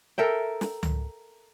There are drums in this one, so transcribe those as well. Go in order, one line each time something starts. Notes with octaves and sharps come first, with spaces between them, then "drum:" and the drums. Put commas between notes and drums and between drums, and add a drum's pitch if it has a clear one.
A4 A#4 E5 G5
drum: snare
drum: tom C#2